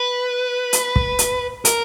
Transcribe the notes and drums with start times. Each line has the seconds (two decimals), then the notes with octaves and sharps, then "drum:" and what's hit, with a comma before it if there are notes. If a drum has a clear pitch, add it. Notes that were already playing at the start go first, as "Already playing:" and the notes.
Already playing: B4
0.73 drum: hi-hat
0.96 drum: kick
1.19 drum: hi-hat
1.65 A#4, drum: hi-hat